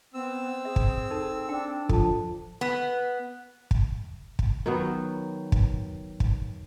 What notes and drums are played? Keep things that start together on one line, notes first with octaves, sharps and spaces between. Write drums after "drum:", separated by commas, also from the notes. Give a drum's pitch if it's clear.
B3 C4 E6
G#4 E5
drum: kick
D#4 A4
D4 G5
F3 A4 A5, drum: kick
B3
drum: kick
drum: kick
D#3 F#3 B3
drum: kick
drum: kick